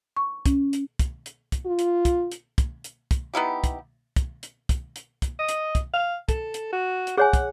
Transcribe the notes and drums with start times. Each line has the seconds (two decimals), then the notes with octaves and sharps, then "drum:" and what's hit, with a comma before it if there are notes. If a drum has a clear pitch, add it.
0.17 C#6
0.46 C#4, drum: kick, hi-hat
0.73 drum: hi-hat
0.99 drum: kick, hi-hat
1.26 drum: hi-hat
1.52 drum: kick, hi-hat
1.65 F4
1.79 drum: hi-hat
2.05 drum: kick, hi-hat
2.32 drum: hi-hat
2.58 drum: kick, hi-hat
2.84 drum: hi-hat
3.11 drum: kick, hi-hat
3.34 B3 D#4 E4 G4
3.64 drum: kick, hi-hat
4.16 drum: kick, hi-hat
4.43 drum: hi-hat
4.69 drum: kick, hi-hat
4.96 drum: hi-hat
5.22 drum: kick, hi-hat
5.39 D#5
5.49 drum: hi-hat
5.75 drum: kick, hi-hat
5.94 F5
6.29 A4, drum: kick, hi-hat
6.54 drum: hi-hat
6.72 F#4
7.07 drum: hi-hat
7.17 G#4 C#5 F#5 G#5
7.33 drum: kick, hi-hat